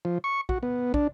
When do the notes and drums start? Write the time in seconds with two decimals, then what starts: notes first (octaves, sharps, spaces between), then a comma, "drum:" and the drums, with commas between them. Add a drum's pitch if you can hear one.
0.05 F3
0.24 C#6
0.49 F#4, drum: kick
0.63 B3
0.94 D4, drum: kick